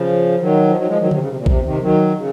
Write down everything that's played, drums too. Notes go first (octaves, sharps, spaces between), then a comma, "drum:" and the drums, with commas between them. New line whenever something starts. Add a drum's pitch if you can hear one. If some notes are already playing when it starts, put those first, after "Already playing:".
Already playing: C#3 F3
D#3 F#3
F3
D#3 F#3
F3 G#3
D#3 F#3
C3 D#3, drum: tom C#3
C#3
C3
A#2
C3, drum: kick A#1
C3 D#3
D#3 F#3
C#3